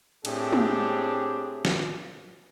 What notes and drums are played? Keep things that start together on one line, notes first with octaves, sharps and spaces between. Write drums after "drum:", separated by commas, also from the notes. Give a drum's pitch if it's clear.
A2 C4 D4 G4 G#4, drum: cymbal
drum: tom
drum: snare